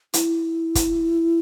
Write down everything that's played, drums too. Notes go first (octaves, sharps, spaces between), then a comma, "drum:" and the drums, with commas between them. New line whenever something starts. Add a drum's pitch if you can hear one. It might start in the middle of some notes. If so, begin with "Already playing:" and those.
E4, drum: hi-hat
drum: kick, hi-hat